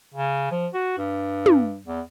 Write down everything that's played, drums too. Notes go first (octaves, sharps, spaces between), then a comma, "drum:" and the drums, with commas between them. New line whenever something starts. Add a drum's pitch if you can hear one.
C#3
F3
F#4
G2
drum: tom
E2